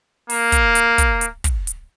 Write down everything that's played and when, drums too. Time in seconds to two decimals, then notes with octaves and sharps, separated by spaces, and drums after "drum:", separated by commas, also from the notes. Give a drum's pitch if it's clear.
0.30 A#3, drum: open hi-hat
0.52 drum: kick, hi-hat
0.75 drum: hi-hat
0.98 drum: kick, hi-hat
1.21 drum: hi-hat
1.44 drum: kick, hi-hat
1.67 drum: hi-hat